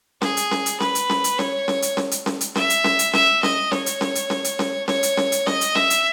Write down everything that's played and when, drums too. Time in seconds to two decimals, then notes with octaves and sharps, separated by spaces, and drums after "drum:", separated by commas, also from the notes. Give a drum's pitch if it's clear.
0.22 G#4, drum: snare C#4
0.37 drum: hi-hat
0.51 drum: snare C#4
0.66 drum: hi-hat
0.80 B4, drum: snare C#4
0.95 drum: hi-hat
1.10 drum: snare C#4
1.24 drum: hi-hat
1.39 C#5, drum: snare C#4
1.68 drum: snare C#4
1.82 drum: hi-hat
1.97 drum: snare C#4
2.11 drum: hi-hat
2.26 drum: snare C#4
2.41 drum: hi-hat
2.55 E5, drum: snare C#4
2.70 drum: hi-hat
2.84 drum: snare C#4
2.99 drum: hi-hat
3.13 E5, drum: snare C#4
3.43 D#5, drum: snare C#4
3.72 C#5, drum: snare C#4
3.86 drum: hi-hat
4.01 drum: snare C#4
4.15 drum: hi-hat
4.30 drum: snare C#4
4.44 drum: hi-hat
4.59 drum: snare C#4
4.88 C#5, drum: snare C#4
5.03 drum: hi-hat
5.17 drum: snare C#4
5.32 drum: hi-hat
5.47 D#5, drum: snare C#4
5.61 drum: hi-hat
5.75 E5, drum: snare C#4
5.90 drum: hi-hat